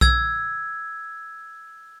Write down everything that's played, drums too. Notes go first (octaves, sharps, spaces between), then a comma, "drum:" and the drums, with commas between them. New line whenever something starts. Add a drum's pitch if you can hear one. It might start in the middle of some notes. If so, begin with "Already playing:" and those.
E6 G#6, drum: kick B1